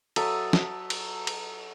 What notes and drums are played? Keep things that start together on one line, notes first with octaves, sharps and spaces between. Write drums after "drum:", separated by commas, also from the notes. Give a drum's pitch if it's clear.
F#3 A4 E5 D#6, drum: cymbal
drum: snare
drum: cymbal
drum: cymbal